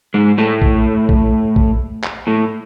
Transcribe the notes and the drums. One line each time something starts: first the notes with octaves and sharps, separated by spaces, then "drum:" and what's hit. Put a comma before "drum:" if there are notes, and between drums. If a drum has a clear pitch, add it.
G#2 G#3
A2 A3
drum: kick A#1
drum: kick A#1
drum: kick A#1
drum: clap
A2 A3